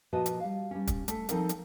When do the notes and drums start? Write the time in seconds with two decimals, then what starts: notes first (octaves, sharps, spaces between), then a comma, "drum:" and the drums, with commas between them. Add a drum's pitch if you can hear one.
0.13 A#2 F3 F#4 B4 D#5 A5
0.26 drum: hi-hat
0.40 G3 F5
0.71 G3 C#4
0.87 drum: kick, hi-hat
1.08 A3, drum: hi-hat
1.29 F3 C4 D#4 A4 A#4 F#5, drum: hi-hat
1.49 drum: hi-hat